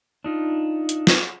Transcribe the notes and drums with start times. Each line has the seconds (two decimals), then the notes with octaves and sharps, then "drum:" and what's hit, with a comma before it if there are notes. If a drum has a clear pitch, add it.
0.24 D4 D#4 F4
0.89 drum: hi-hat
1.07 drum: snare